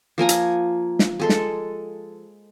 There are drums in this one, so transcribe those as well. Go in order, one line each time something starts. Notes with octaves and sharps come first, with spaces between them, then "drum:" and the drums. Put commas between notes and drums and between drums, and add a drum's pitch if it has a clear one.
F3 A#3 G#5 A#5
drum: hi-hat
drum: snare
G#3 A4 C6
drum: snare